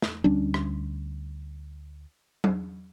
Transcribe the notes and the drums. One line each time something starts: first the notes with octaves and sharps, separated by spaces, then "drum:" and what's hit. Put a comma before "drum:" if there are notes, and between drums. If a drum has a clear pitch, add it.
drum: snare
D2 G3 C#4 D4
drum: rim click
drum: tom F#3